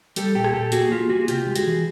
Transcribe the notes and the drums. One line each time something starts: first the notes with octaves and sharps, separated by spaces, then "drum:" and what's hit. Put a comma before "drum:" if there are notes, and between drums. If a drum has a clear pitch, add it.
G3 G4 A4, drum: hi-hat
A#2 G4 A4
drum: rim click
A#2 G4 A4
A#3 F#4 G#4, drum: hi-hat
A#3 F4 G4
A#3 F#4 G#4
C3 F4 G4, drum: hi-hat
G#3
F#4 G#4, drum: hi-hat
E3